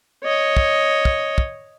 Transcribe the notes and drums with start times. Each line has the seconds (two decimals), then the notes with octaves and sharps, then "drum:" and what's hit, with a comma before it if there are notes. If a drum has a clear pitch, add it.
0.24 C#5 D#5
0.57 drum: kick
1.05 drum: kick
1.38 drum: kick